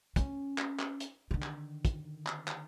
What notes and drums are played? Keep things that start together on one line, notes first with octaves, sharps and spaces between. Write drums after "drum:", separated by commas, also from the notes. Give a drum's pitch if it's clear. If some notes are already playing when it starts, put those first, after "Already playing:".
C#4, drum: kick, hi-hat
drum: clap
drum: clap
drum: hi-hat
D3 D#3
drum: clap
drum: kick, hi-hat
drum: clap
drum: clap